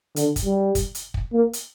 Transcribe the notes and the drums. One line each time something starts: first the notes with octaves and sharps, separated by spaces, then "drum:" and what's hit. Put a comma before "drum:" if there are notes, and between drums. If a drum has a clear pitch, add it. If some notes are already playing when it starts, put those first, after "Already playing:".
D3, drum: hi-hat
drum: kick, hi-hat
G3
drum: kick, hi-hat
drum: hi-hat
drum: kick
A#3
drum: hi-hat